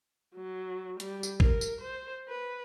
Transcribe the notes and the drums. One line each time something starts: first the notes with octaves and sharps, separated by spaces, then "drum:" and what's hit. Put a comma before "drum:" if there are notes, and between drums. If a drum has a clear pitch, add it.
F#3
G3, drum: hi-hat
drum: tambourine
A#4, drum: kick
drum: tambourine
C5
B4